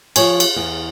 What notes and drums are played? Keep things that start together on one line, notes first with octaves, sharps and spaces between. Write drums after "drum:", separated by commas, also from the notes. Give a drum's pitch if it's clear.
F3 C#5 G#5, drum: cymbal
drum: cymbal
E2